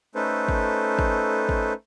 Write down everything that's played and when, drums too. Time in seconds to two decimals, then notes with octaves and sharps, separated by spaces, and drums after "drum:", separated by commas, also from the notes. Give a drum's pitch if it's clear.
0.15 A3 C#4 D#4 A4 B4 C5
0.48 drum: kick
0.99 drum: kick
1.49 drum: kick